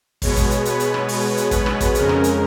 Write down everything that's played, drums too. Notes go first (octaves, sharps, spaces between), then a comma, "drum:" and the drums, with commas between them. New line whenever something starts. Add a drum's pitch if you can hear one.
B2 G#3 B3 C#5, drum: kick, open hi-hat
drum: kick, hi-hat
drum: hi-hat
B4, drum: hi-hat
drum: hi-hat
drum: rim click
drum: open hi-hat
drum: hi-hat
B4, drum: kick, hi-hat
drum: rim click
drum: kick, hi-hat
F2 C#3 G#3 C#4 A#4, drum: hi-hat
drum: rim click
drum: hi-hat